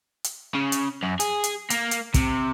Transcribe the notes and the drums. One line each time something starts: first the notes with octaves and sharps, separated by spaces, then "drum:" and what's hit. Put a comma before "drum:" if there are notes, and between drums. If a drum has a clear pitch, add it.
drum: hi-hat
C#3
drum: hi-hat
F#2
G#4, drum: hi-hat
drum: hi-hat
A#3, drum: hi-hat
drum: hi-hat
C3, drum: kick, hi-hat